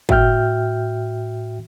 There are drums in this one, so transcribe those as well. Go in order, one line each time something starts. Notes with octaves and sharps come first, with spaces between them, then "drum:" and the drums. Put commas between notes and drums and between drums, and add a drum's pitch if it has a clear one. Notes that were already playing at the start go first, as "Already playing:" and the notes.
A2 F#4 E5 G5 F6 G6, drum: kick